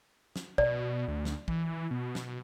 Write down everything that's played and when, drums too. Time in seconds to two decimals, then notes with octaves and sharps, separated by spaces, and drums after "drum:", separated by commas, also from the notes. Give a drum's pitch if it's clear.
0.36 drum: snare
0.58 B2 D5, drum: kick
1.08 D2
1.25 drum: snare
1.48 E3, drum: kick
1.91 B2
2.15 drum: snare